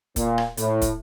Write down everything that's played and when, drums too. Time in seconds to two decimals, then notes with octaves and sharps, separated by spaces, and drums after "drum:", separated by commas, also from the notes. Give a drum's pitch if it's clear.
0.16 A#2, drum: kick, hi-hat
0.38 drum: rim click
0.57 A2, drum: hi-hat
0.82 drum: kick, hi-hat